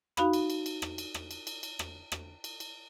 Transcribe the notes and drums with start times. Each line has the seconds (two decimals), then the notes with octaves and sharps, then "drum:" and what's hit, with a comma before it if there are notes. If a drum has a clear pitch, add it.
0.17 D#4 F#4 F5 B5, drum: rim click
0.33 drum: cymbal
0.50 drum: cymbal
0.66 drum: cymbal
0.82 drum: rim click
0.98 drum: cymbal
1.14 drum: rim click
1.31 drum: cymbal
1.47 drum: cymbal
1.63 drum: cymbal
1.79 drum: rim click
2.12 drum: rim click
2.44 drum: cymbal
2.60 drum: cymbal